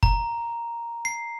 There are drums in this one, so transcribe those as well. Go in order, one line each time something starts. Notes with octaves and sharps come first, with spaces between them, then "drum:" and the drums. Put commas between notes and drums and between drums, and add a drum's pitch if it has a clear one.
A#5, drum: kick F#1
C7